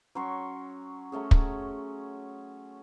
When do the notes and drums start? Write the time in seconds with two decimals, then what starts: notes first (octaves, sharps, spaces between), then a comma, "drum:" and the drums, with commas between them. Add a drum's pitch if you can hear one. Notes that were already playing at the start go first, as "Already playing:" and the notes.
0.15 F#3 C#4 C6 C#6
1.12 F#3 A3 C#4 G#4
1.31 drum: kick